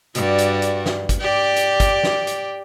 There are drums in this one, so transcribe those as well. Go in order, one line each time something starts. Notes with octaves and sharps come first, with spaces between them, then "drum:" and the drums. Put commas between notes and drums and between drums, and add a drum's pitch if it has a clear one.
G2 F#4 D5, drum: hi-hat
drum: hi-hat
drum: hi-hat
drum: snare
drum: kick, hi-hat
G4 D5
drum: hi-hat
drum: kick, hi-hat
drum: snare
drum: hi-hat